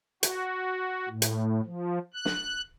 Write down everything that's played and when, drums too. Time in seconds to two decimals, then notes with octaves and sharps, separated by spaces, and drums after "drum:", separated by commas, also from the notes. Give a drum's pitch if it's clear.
0.23 F#4, drum: hi-hat
1.09 A2
1.22 drum: hi-hat
1.65 F3
2.14 F#6
2.25 drum: snare